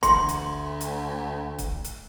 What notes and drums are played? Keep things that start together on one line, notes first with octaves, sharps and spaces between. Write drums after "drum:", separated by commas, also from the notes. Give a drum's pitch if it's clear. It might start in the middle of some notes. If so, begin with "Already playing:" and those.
D2 C6, drum: kick, hi-hat
drum: hi-hat
drum: hi-hat
drum: kick, hi-hat
drum: hi-hat